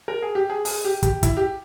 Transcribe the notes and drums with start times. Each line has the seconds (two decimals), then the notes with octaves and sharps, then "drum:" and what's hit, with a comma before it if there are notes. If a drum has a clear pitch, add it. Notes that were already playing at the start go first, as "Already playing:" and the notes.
0.08 A#4
0.22 G#4
0.35 G4
0.50 G#4
0.65 G#4, drum: open hi-hat
0.85 G4
1.03 G4, drum: kick, hi-hat
1.23 E4, drum: kick, hi-hat
1.37 G4